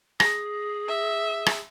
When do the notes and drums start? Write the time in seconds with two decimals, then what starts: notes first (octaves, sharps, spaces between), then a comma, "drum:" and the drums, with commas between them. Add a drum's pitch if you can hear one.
0.20 G#4 A#6, drum: rim click
0.88 E5
1.46 drum: rim click